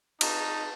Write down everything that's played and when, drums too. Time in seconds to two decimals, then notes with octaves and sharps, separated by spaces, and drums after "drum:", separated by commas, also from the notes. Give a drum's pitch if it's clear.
0.21 D#4 A5, drum: cymbal